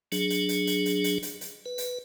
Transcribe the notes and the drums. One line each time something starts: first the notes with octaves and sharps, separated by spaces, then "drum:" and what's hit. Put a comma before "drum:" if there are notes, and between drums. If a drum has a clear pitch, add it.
F#3 D4 G#4, drum: hi-hat
drum: hi-hat
drum: hi-hat
drum: hi-hat
drum: hi-hat
drum: hi-hat
drum: hi-hat
drum: hi-hat
B4
drum: hi-hat